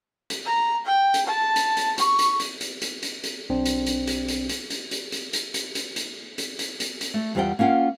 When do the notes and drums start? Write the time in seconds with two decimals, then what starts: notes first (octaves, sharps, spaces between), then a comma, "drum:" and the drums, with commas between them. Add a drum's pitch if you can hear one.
0.30 drum: hi-hat
0.45 A#5
0.86 G5
1.14 drum: hi-hat
1.26 A5
1.56 drum: hi-hat
1.77 drum: hi-hat
1.98 C#6, drum: hi-hat
2.19 drum: hi-hat
2.40 drum: hi-hat
2.61 drum: hi-hat
2.82 drum: hi-hat
3.03 drum: hi-hat
3.24 drum: hi-hat
3.50 B1 C4 D4
3.65 drum: hi-hat
3.86 drum: hi-hat
4.07 drum: hi-hat
4.28 drum: hi-hat
4.49 drum: hi-hat
4.70 drum: hi-hat
4.91 drum: hi-hat
5.12 drum: hi-hat
5.33 drum: hi-hat
5.54 drum: hi-hat
5.75 drum: hi-hat
5.96 drum: hi-hat
6.38 drum: hi-hat
6.59 drum: hi-hat
6.80 drum: hi-hat
7.01 drum: hi-hat
7.14 A3
7.35 E2 G3 F4 B4 F#5 G5
7.59 A#3 C#4 F4 F#5 G5